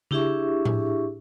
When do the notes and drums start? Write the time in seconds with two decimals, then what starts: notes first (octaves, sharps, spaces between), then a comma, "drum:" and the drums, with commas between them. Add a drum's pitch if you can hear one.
0.11 D4 E4 G4 G#4 E5 C#6, drum: tom C#3
0.65 drum: tom A2